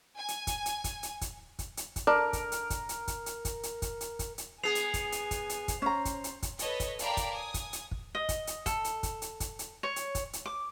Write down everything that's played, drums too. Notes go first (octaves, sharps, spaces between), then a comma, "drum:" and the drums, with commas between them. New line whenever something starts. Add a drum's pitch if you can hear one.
G#5
drum: hi-hat
drum: kick, hi-hat
drum: hi-hat
drum: kick, hi-hat
drum: hi-hat
drum: kick, hi-hat
drum: kick, hi-hat
drum: hi-hat
drum: kick, hi-hat
D4 A#4
drum: kick, hi-hat
drum: hi-hat
drum: kick, hi-hat
drum: hi-hat
drum: kick, hi-hat
drum: hi-hat
drum: kick, hi-hat
drum: hi-hat
drum: kick, hi-hat
drum: hi-hat
drum: kick, hi-hat
drum: hi-hat
B3 G#4 G#5 C7 F7
drum: hi-hat
drum: kick, hi-hat
drum: hi-hat
drum: kick, hi-hat
drum: hi-hat
drum: kick, hi-hat
C#4 C5 A#5
drum: kick, hi-hat
drum: hi-hat
drum: kick, hi-hat
A4 B4 C#5 D#5, drum: hi-hat
drum: kick, hi-hat
A#4 D5 F5 G5 A5 B5, drum: hi-hat
drum: kick, hi-hat
G#5 D#6
drum: kick, hi-hat
drum: hi-hat
drum: kick
D#5
drum: kick, hi-hat
drum: hi-hat
A4, drum: kick, hi-hat
drum: hi-hat
drum: kick, hi-hat
drum: hi-hat
drum: kick, hi-hat
drum: hi-hat
C#5
drum: hi-hat
drum: kick, hi-hat
drum: hi-hat
D6